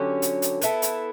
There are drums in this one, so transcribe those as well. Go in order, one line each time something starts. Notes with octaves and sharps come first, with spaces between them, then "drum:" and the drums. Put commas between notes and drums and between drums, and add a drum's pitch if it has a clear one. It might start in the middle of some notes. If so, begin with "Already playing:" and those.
Already playing: D3 F#3 C#4 G4
drum: hi-hat
drum: hi-hat
B3 E4 A4, drum: hi-hat
drum: hi-hat